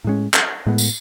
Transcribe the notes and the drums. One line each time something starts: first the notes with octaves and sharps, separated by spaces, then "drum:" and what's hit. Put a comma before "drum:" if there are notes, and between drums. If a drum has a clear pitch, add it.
A2 G#3 C#4
drum: clap
A2 G#3 B3
drum: tambourine